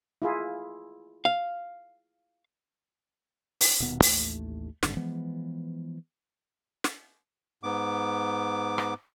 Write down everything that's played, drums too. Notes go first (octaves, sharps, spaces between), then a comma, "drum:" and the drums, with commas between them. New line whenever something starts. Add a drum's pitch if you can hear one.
E4 F4 G#4
F5
drum: open hi-hat
D#1 B2 D#3 B3
A1 D#2 A3, drum: open hi-hat
G#1 G2 D3, drum: snare
E3 F3 G#3 B3
drum: snare
G#2 B3 D6
drum: rim click